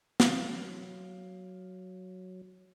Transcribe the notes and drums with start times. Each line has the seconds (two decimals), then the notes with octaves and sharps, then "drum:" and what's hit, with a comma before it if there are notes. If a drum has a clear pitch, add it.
0.20 F#3 F5, drum: snare